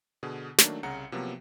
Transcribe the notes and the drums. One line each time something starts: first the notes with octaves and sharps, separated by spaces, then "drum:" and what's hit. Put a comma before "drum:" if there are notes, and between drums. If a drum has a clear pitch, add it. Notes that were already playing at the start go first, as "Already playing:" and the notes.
B2 D3 G#4
D#3 F#3 A3 A#3 D4, drum: snare
C2 C#3 F#5 A#5 C#7
C3 F3 F#3 A#3 B3